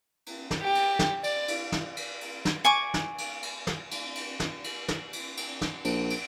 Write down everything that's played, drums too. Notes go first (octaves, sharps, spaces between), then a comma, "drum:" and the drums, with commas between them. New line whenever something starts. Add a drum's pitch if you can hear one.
drum: cymbal
drum: snare
G4
drum: cymbal
drum: snare
D5, drum: cymbal
drum: cymbal
drum: snare
drum: cymbal
drum: cymbal
drum: snare
G#5 C#6 D6
drum: snare
drum: cymbal
drum: cymbal
drum: snare
drum: cymbal
drum: cymbal
drum: snare
drum: cymbal
drum: snare
drum: cymbal
drum: cymbal
drum: snare
A#1, drum: cymbal
drum: cymbal